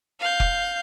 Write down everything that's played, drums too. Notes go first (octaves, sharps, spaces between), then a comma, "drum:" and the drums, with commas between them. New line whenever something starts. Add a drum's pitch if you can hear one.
F5 G6
drum: kick F1